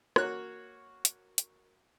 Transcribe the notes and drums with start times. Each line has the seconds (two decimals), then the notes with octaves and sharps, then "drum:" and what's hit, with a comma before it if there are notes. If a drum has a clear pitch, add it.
0.16 A#3 F#4 C#5 F#6, drum: rim click
1.05 drum: hi-hat
1.38 drum: hi-hat